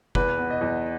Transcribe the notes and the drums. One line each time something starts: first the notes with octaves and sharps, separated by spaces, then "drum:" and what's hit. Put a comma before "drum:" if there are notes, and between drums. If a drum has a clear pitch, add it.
E2 B4, drum: kick
B3
D#5
E2